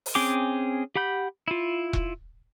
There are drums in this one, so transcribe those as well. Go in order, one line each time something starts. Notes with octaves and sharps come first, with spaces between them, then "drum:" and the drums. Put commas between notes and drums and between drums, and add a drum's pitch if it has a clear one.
drum: open hi-hat
C4 C#4 G#4 G5 D6
G4 F#5 B5 G6
E4 F4
drum: kick E1